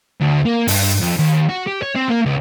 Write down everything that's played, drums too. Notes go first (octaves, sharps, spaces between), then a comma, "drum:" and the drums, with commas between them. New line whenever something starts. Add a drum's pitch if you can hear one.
D2
A#3
G2, drum: open hi-hat
F2
D#2
F#4
G4
C#5
C4
A#3
C#2